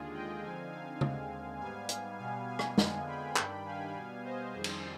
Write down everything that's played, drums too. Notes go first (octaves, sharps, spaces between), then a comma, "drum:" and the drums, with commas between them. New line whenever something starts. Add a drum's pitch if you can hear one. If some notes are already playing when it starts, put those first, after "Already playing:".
Already playing: D#2 D3 G#3 F4 G#4
D#5 G5
D3 F3 C4 D#4 F5 G#5
F5 G#5
D#2 D3 G#3 C4, drum: tom
G#2 G3 B3 F5 G#5
drum: hi-hat
B2 G3 B3 F5 G#5
F5 G#5
drum: rim click
F2 D3 G#3 B3, drum: snare
G5 B5
G2 D#3 G3 D4, drum: clap
F5 G#5
B2 G3 B3
C5 D#5
F2 D#3 G3 G#4 C5
drum: cymbal